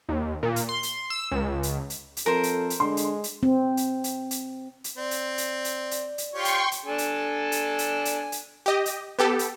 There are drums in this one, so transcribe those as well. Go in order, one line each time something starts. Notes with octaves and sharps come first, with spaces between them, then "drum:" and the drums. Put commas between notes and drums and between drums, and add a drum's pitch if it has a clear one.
D#2
A#2
drum: hi-hat
C6
drum: hi-hat
E6
C#2
drum: hi-hat
drum: hi-hat
drum: hi-hat
F2 A4 A#4 C5
drum: hi-hat
drum: hi-hat
D3 G#3 C6
drum: hi-hat
drum: hi-hat
C4
drum: hi-hat
drum: hi-hat
drum: hi-hat
drum: hi-hat
C4 D5
drum: hi-hat
drum: hi-hat
drum: hi-hat
drum: hi-hat
drum: hi-hat
F4 G4 C#5 G5 C6 C#6
drum: hi-hat
drum: hi-hat
D4 A4 G#5
drum: hi-hat
drum: hi-hat
drum: hi-hat
drum: hi-hat
drum: hi-hat
G4 D#5
drum: hi-hat
B3 G4 A4
drum: hi-hat